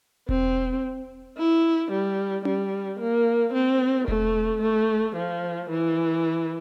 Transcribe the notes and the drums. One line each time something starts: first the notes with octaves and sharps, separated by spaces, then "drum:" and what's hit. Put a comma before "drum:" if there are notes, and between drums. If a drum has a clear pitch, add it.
C4, drum: kick E1
E4
G3
G3, drum: tom C#4
A#3
C4
A3, drum: kick E1
A3
F3
E3